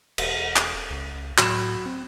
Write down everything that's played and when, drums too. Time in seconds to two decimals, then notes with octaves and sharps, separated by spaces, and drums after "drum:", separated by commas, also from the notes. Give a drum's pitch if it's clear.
0.18 E1, drum: cymbal
0.56 drum: clap
0.90 C#2
1.38 A2 F#3 B5 E7, drum: clap
1.86 C4